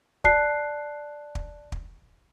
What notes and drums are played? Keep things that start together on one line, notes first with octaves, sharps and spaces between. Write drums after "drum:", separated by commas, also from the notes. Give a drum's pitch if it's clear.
D5 A5 F#6 C7, drum: kick
drum: kick
drum: kick